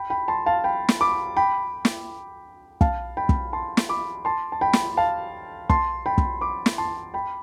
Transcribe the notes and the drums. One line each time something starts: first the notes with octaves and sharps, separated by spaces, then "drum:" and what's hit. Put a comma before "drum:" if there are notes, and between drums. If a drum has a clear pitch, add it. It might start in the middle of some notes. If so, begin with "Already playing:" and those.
Already playing: G5 B5
G5 B5
A5 C6
F5 A5
G5 B5
drum: snare
B5 D6
G5 B5
drum: snare
F5 A5, drum: kick
G5 B5
drum: kick
A5 C6
drum: snare
B5 D6
A5 C6
A5
G5 B5
drum: snare
F5 A5
A5 C6, drum: kick
G5 B5
drum: kick
B5 D6
drum: snare
A5 C6
G5 B5